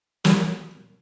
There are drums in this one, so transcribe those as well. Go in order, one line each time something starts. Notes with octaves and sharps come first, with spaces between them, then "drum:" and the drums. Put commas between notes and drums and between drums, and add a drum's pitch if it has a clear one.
D#3 F#3 G3, drum: snare